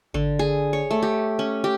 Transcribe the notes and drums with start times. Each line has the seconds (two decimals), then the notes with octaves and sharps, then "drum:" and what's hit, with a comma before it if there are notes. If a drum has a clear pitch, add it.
0.14 D3, drum: kick G#1
0.39 G#4
0.73 C#5
0.91 A3
1.03 G4
1.39 C#4
1.64 G4